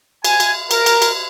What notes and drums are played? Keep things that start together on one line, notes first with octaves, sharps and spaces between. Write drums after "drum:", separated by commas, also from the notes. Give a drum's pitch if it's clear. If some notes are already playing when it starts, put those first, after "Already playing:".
G#5, drum: cymbal
drum: cymbal
A#4, drum: cymbal
drum: cymbal
drum: cymbal